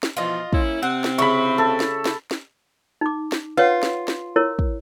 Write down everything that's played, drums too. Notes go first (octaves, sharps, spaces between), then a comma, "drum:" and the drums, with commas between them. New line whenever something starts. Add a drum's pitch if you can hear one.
drum: snare
B2 E3 F3 F4 D#5
A#3 C#4 E4, drum: kick
C3 C4 F#5
drum: snare
C#3 E4 G4 B5 C#6
A4
drum: snare
drum: snare
drum: snare
D#4 D6
drum: snare
F4 B4 C#5 F#5
drum: snare
drum: snare
E4 A#4 C#5
drum: kick